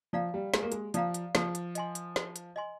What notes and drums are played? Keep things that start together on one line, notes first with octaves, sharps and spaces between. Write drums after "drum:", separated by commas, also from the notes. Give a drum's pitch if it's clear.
F3 D5 F5 A#5
G3
G#3 G4, drum: snare
A#3
G#3, drum: hi-hat
F3 D5 F5 A#5, drum: hi-hat
drum: hi-hat
F3 C5, drum: snare
drum: hi-hat
D#5 G#5 C6, drum: hi-hat
drum: hi-hat
C5, drum: snare
drum: hi-hat
D#5 G#5 C6